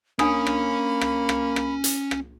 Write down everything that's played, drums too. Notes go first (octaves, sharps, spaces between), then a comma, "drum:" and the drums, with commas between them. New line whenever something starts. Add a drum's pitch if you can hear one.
A#3 C#4 D4 C#5 G#5 B5 D#6, drum: rim click
drum: rim click
drum: rim click
drum: rim click
drum: rim click
drum: hi-hat
drum: rim click